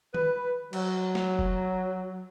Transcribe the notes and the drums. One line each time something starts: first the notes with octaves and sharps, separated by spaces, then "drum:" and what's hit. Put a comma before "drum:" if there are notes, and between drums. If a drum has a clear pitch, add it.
B4, drum: tom D#3
F#3, drum: cymbal
drum: snare
drum: kick F1